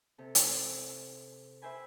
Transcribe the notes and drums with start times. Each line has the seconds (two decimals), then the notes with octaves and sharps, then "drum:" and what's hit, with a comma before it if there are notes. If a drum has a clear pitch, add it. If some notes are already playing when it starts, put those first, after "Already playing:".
0.18 C3 A4
0.35 drum: hi-hat
1.62 B4 C5 E5 G5 G#5 B5